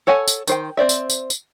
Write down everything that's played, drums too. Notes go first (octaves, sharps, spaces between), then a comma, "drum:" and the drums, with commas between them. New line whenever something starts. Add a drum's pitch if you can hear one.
A4 C#5 F#5 G#5
drum: tambourine
D#3 C5 G5, drum: tambourine
C4 C5 D5 E5
drum: tambourine
drum: tambourine
drum: tambourine